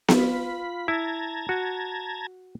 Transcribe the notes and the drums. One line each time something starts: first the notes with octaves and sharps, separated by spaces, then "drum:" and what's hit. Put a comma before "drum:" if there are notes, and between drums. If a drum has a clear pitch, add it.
F4 B5, drum: snare B3
E4 A5 A#5 G#6
F#4